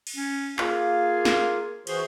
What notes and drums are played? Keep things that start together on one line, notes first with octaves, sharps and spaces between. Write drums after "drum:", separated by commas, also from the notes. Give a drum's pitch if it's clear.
drum: cymbal
C#4
A#3 F4 G#4 F5, drum: clap
drum: snare
E3 F#4 G#4 C5, drum: cymbal